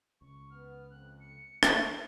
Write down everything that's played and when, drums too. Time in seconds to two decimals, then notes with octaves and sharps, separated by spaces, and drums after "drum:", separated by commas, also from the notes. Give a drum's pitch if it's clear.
0.21 C#2 C#6
0.50 B3 F6
0.90 F2 F#6
1.20 C#7
1.63 G#2 D4 D6, drum: rim click